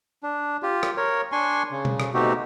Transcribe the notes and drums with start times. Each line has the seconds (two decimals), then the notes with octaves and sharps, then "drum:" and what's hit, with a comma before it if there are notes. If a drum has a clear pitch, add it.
0.23 D4
0.63 F4 G4
0.83 drum: rim click
0.97 A#4 C#5
1.32 D4 G#5 C6 C#6
1.72 C#3
1.85 drum: tom B2
2.00 drum: rim click
2.14 B2 A3 C4 D#4 F#4 G4